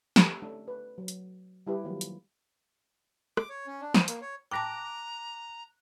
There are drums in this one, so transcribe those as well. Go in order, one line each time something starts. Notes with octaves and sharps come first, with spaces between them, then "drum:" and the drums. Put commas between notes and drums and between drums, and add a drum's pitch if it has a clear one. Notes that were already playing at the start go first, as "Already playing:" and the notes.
A3 C4 G4 A4, drum: snare
A3 C#4 D4
B4
F#3
drum: hi-hat
G3 E4 G4 B4
D#3 F3 F#3 A3 A#3
drum: hi-hat
D6, drum: rim click
C#5
C#4
D4
C5, drum: snare
A#3, drum: hi-hat
C#5
G5 A5 A#5 D6 F#6 A#6